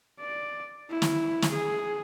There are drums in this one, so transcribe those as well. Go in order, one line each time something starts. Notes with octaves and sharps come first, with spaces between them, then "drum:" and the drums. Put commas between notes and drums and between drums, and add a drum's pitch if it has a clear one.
D5
E4
drum: snare
drum: snare
G#4